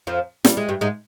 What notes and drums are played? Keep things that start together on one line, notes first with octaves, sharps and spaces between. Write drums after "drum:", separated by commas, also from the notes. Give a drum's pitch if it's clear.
F2 F3
G3, drum: snare
G#3
G2 G3
G#2 G#3